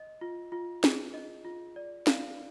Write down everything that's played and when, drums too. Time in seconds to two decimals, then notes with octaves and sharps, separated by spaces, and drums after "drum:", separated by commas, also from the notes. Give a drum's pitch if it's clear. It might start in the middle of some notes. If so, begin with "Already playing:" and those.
Already playing: D#5
0.21 F4
0.52 F4
0.84 G#4, drum: snare
1.14 D#5
1.45 F4
1.76 D5
2.07 F5, drum: snare